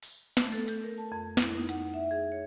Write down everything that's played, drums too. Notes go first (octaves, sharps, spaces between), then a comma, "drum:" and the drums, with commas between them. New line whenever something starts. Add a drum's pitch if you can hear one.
drum: open hi-hat
A3, drum: snare
A4
G6, drum: hi-hat
A#4
A5
F2
E4, drum: snare
D#4
F#5, drum: hi-hat
E5
G#4
C#5